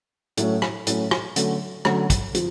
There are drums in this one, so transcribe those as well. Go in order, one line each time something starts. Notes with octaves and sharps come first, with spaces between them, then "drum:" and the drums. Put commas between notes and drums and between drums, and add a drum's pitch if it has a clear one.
A2 F#3 A3 C#4, drum: hi-hat
drum: rim click
A2 F#3 A3 C#4, drum: hi-hat
drum: rim click
D3 F#3 A3 C#4, drum: hi-hat
D3 F#3 A3 C#4, drum: rim click
drum: kick, hi-hat
F3, drum: hi-hat